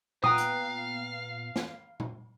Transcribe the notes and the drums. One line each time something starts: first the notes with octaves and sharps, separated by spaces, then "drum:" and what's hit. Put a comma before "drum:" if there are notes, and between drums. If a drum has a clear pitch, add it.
A#2 B3 F5 G5 A#5 D#6 F#6, drum: tom A#2
drum: hi-hat
drum: snare
drum: tom A#2